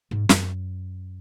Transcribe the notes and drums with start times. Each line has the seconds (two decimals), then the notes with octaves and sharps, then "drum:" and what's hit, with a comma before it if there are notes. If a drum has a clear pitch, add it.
0.11 G#2
0.29 F#2, drum: snare